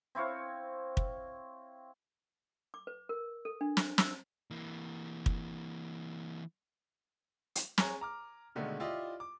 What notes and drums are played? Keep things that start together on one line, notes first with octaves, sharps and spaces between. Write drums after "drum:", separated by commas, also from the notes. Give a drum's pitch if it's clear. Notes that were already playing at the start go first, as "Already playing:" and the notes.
C4 E4 C#5 F5
drum: kick
D6
B4
A#4
A4
D4
drum: snare
E6, drum: snare
E3 A#3
drum: kick
drum: hi-hat
G#4 C#5 G#5 A#5, drum: snare
A#5 D6 F6
B2 D3 D#3 G#3 A3
E4 F4 G4 D5 D#5
D6